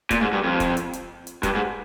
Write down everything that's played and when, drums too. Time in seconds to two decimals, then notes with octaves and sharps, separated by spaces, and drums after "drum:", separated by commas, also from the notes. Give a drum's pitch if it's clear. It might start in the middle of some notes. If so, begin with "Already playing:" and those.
0.11 A#2, drum: kick, hi-hat
0.21 G#2
0.33 G2
0.43 F2
0.60 drum: kick, hi-hat
0.77 drum: hi-hat
0.93 drum: hi-hat
1.27 drum: hi-hat
1.43 G2, drum: kick, hi-hat
1.55 G#2